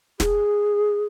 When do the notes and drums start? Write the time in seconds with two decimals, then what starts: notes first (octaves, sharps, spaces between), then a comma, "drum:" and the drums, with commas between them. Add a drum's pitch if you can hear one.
0.20 G#4, drum: snare